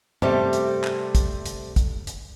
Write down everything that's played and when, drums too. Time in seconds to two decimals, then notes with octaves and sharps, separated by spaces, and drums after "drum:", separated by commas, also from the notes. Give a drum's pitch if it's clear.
0.22 C3 G3 A3, drum: tom G2
0.53 drum: hi-hat
0.84 drum: clap
1.15 drum: kick, hi-hat
1.46 drum: hi-hat
1.76 drum: kick, hi-hat
2.07 drum: hi-hat